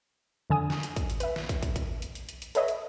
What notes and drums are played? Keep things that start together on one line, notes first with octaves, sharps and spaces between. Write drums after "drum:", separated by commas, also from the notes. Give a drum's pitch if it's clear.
F2 D3 G#5 D#6
drum: snare
drum: hi-hat
drum: kick, hi-hat
drum: hi-hat
B4 E5, drum: hi-hat
drum: snare
drum: kick, hi-hat
drum: kick, hi-hat
drum: kick, hi-hat
drum: hi-hat
drum: hi-hat
drum: hi-hat
drum: hi-hat
A4 B4 C#5 D#5 E5, drum: hi-hat
drum: hi-hat